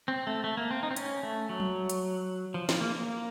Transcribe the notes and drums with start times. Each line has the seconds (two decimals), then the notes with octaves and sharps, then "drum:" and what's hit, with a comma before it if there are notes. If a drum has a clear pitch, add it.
0.08 C4
0.27 A3
0.44 A3
0.57 A#3
0.71 C4
0.83 D#4
0.91 C4
0.96 C#4, drum: hi-hat
1.23 A3
1.49 F#3
1.60 drum: tom F#3
1.90 drum: hi-hat
2.54 F3
2.69 F3, drum: snare
2.81 A#3
2.95 A#3